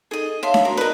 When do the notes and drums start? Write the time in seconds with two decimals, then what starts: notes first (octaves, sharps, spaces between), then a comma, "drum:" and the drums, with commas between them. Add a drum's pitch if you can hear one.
0.11 D#4 G#4 A4 D#5
0.43 C#5 E5 F5 A5 C6
0.54 drum: snare D4
0.65 F#4 A#4
0.77 D#4 A#4 B4 D5 D#5